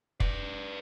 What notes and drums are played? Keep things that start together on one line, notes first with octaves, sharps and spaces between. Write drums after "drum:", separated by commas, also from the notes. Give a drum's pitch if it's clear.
B4 D5, drum: kick